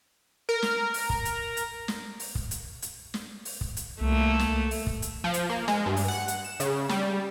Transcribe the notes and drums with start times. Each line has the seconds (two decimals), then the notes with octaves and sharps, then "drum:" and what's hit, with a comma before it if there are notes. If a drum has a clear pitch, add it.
0.49 A#4
0.62 drum: snare
0.94 drum: open hi-hat
1.10 drum: kick
1.25 drum: hi-hat
1.57 drum: hi-hat
1.88 drum: snare
2.20 drum: open hi-hat
2.35 drum: kick
2.51 drum: hi-hat
2.82 drum: hi-hat
3.14 drum: snare
3.45 drum: open hi-hat
3.61 drum: kick
3.77 drum: hi-hat
4.01 C2 A3 A#3
4.39 drum: snare
4.71 drum: open hi-hat
4.87 drum: kick
5.02 drum: hi-hat
5.24 F3
5.34 drum: hi-hat
5.49 A#3
5.68 G#3, drum: snare
5.86 G2
5.97 drum: open hi-hat
6.08 F#5
6.28 drum: hi-hat
6.44 E7
6.60 C#3, drum: hi-hat
6.89 G3, drum: snare